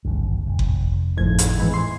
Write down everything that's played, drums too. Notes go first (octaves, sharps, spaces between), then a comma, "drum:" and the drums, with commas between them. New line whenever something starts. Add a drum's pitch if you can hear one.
G#1 D2 G2
F1
drum: kick F#1
G#1 F2 A2 G#6
drum: hi-hat
G#2 E3
C6